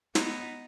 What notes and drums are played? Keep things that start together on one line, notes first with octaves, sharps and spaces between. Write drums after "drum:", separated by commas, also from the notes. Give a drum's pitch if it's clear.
B3 D#4, drum: snare